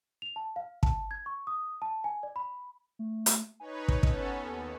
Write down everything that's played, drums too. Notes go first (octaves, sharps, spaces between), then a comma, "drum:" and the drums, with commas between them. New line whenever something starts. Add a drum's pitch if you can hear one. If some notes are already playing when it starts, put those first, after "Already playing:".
F7
A5
F5
A5, drum: kick
G#6
C#6
D#6
A5
G#5
D5
B5
A3
drum: hi-hat
D#4 B4 C#5 G#5
drum: kick
B3 C#4 A4, drum: kick
D#2